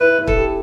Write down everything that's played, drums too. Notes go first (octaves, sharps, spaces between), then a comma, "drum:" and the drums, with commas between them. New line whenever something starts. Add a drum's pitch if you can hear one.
E4 B4
E4
A4, drum: kick
G4